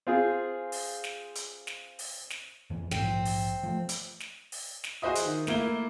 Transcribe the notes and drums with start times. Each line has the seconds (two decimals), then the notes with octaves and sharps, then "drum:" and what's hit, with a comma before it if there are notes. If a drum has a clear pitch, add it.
0.07 C4 F4 G#4
0.72 drum: open hi-hat
1.04 drum: snare
1.35 drum: hi-hat
1.67 drum: snare
1.99 drum: open hi-hat
2.30 drum: snare
2.70 F2 E3
2.91 A#1 G#2 F3 C4, drum: snare
3.25 drum: open hi-hat
3.63 F3 A3
3.89 drum: hi-hat
4.20 drum: snare
4.52 drum: open hi-hat
4.84 drum: snare
5.02 F#4 G#4 C5 D#5 E5 D#6
5.15 drum: hi-hat
5.25 D#3
5.47 A3 A#3 E4 G7, drum: snare